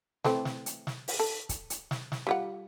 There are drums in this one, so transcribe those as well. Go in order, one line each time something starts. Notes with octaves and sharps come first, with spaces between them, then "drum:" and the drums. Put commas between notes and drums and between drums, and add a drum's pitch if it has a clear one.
E3 A3 C4, drum: snare
drum: snare
drum: hi-hat
drum: snare
drum: open hi-hat
A4
drum: kick, hi-hat
drum: hi-hat
drum: snare
drum: snare
G3 F4 F#5